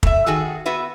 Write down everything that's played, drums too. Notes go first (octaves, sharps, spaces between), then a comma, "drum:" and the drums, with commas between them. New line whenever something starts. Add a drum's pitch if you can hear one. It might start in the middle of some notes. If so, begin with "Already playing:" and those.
A3 E5, drum: kick
D#3 F#4 G#4 A4
B3 F#4 B4 E5